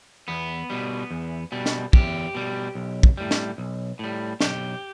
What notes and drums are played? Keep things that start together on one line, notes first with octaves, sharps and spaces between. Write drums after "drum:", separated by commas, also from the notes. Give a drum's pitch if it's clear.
E2 B3
B2 G3
E2
B2 G3
drum: snare
E2 G4, drum: kick
B2 G3
B1
drum: kick
A2 G3
drum: snare
B1
A2 G3
B1 G4, drum: snare